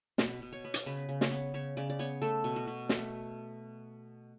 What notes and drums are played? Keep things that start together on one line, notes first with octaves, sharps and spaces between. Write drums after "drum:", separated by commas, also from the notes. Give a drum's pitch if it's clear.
B2 B4, drum: snare
B2
C#5
B3
drum: hi-hat
C#3 B4
C#3
C#5, drum: snare
B3
C#3 C#5
C#3 D5
D5
B3 C#5
A3 A4
B2
F#4
B2
A3, drum: snare